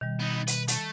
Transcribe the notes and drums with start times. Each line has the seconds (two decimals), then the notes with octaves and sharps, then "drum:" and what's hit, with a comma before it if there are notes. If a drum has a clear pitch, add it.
0.01 B2 D#3 G3
0.19 B3 D#4
0.47 B4, drum: hi-hat
0.68 A3, drum: hi-hat